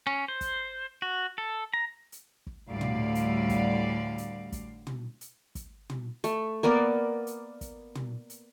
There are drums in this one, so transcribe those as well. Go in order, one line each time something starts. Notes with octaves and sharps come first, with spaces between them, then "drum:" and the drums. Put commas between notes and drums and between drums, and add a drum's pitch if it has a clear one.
C#4
C5
drum: kick, hi-hat
F#4
A4
A#5
drum: hi-hat
drum: kick
D2 A2 D3 G3 D5 F5
drum: tom
drum: hi-hat
drum: kick, hi-hat
drum: hi-hat
drum: kick, hi-hat
drum: tom
drum: hi-hat
drum: kick, hi-hat
drum: tom
A3, drum: hi-hat
A#3 B3 A#4 D5
drum: hi-hat
drum: kick, hi-hat
drum: tom
drum: hi-hat